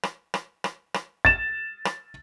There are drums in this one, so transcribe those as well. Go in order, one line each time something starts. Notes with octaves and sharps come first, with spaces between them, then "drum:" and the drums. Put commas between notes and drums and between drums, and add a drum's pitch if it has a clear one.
drum: rim click
drum: rim click
drum: rim click
drum: rim click
A6 E7, drum: kick
drum: rim click